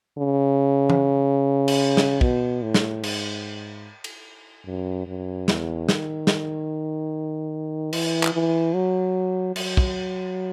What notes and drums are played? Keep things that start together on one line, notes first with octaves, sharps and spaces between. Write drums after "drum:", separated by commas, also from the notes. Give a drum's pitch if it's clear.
C#3
drum: tom E3
drum: cymbal
drum: snare
B2, drum: kick
A2
drum: snare
G#2, drum: cymbal
drum: cymbal
F#2
F#2
E2, drum: snare
D#3, drum: snare
drum: snare
E3, drum: cymbal
drum: clap
E3
F#3
F#3, drum: cymbal
drum: kick